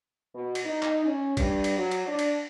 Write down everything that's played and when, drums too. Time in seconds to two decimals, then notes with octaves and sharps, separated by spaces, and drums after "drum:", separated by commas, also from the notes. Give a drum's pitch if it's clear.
0.34 B2
0.55 drum: cymbal
0.65 D#4
0.82 drum: clap
1.04 C#4
1.37 G2, drum: kick, cymbal
1.64 drum: cymbal
1.77 F#3
1.91 drum: cymbal
2.07 D4
2.19 drum: cymbal